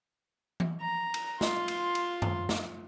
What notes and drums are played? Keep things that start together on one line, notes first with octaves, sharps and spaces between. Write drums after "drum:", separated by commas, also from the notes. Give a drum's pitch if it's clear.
drum: tom E3
A#5
drum: cymbal
F4 C6, drum: snare
drum: cymbal
drum: cymbal
drum: tom F#2
drum: snare